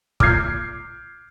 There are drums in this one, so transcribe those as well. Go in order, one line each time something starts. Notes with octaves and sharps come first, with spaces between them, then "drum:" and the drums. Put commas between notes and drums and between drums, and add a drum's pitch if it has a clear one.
D6 F6 G6 G#6 C7, drum: kick